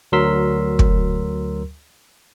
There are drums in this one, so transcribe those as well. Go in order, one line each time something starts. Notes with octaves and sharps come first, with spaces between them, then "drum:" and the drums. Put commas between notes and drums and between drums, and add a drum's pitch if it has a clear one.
D2 F#3 A#4 C6 E6 B6
drum: kick